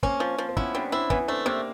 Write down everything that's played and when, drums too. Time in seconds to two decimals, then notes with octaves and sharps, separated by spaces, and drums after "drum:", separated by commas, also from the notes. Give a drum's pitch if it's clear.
0.03 A#3 C4 C#4, drum: kick
0.20 F3
0.38 F3
0.49 C4
0.57 B3 C#4 E4, drum: kick
0.74 G3 C4 D4
0.92 C4 D4 E4
1.10 E3 B3 C#4, drum: kick
1.28 A3 C4 D4
1.46 C3 A#3 C4